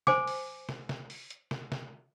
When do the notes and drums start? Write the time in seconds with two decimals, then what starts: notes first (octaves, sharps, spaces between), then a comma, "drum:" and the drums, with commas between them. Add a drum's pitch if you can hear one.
0.07 C5 G#5 D6, drum: snare
0.27 drum: open hi-hat
0.69 drum: snare
0.89 drum: snare
1.10 drum: open hi-hat
1.30 drum: hi-hat
1.51 drum: snare
1.72 drum: snare